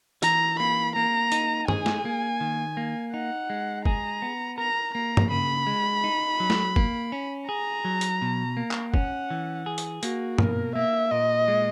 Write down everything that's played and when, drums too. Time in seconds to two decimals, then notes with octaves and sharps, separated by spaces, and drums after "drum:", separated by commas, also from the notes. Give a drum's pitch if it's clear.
0.23 E3 A#5, drum: hi-hat
0.59 A#3 B5
0.96 A#3 A#5
1.32 D#4, drum: hi-hat
1.68 G#4 G#5, drum: tom
1.86 drum: snare
2.05 A#3
2.41 D#3
2.77 A#3
3.13 D#4 F#5
3.50 G#3
3.86 G#4 A#5, drum: kick
4.22 B3
4.58 A#4 A#5
4.94 A#3 A#5
5.17 drum: tom
5.31 C#3 B5
5.67 G#3
6.04 D#4
6.40 F#3
6.50 drum: snare
6.76 A#3, drum: kick
7.12 C#4
7.49 G#4 A#5
7.85 F#3
8.01 drum: hi-hat
8.22 B2
8.57 A#3
8.71 drum: clap
8.94 C#4 F#5, drum: kick
9.30 E3
9.66 G#4
9.78 drum: hi-hat
10.03 A#3 F#4, drum: hi-hat
10.38 B2 A#4, drum: tom
10.75 A#3 E5
11.11 A#2 D#5
11.48 G#3